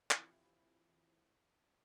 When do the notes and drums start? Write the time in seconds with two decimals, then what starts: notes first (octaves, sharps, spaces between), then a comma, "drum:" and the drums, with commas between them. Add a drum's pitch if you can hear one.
0.11 E3 F3 C4 E4 F4 G4, drum: clap